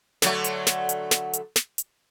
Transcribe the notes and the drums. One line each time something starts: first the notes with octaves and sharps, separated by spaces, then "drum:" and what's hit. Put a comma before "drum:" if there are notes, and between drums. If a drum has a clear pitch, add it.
D3 F#3 A3, drum: snare
drum: hi-hat
drum: snare
drum: hi-hat
drum: snare
drum: hi-hat
drum: snare
drum: hi-hat